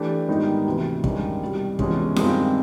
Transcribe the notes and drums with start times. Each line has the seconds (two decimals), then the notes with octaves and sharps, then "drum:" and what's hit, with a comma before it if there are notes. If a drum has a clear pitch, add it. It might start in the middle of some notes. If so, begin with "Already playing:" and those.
Already playing: E3 A3 D4 G4
0.28 G#2 D#3 G3 B3 D#4
0.66 D2 C3 E3
1.04 G2 D#3 G#3 C#4, drum: kick
1.41 C2 B2 G3
1.79 E2 C3 F3 G#3 C#4, drum: kick
2.16 G2 D#3 G#3 C4 F4, drum: snare F4